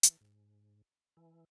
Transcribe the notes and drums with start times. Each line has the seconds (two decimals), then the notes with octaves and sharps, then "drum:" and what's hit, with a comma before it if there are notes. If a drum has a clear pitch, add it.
0.03 E3, drum: hi-hat
0.21 G#2
1.17 E3